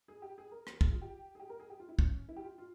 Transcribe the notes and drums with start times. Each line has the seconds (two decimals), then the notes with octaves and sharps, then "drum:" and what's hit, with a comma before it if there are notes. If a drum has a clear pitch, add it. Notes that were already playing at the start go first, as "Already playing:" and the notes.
0.08 G#4
0.22 G4
0.38 G#4
0.51 A#4
0.67 drum: rim click
0.81 G#4, drum: kick
0.92 F4
1.02 G4
1.35 G#4
1.40 G4
1.50 A#4
1.60 G#4
1.70 G4
1.80 F4
1.89 E4
1.99 C#4, drum: kick
2.28 E4
2.36 G4
2.43 F4
2.58 F4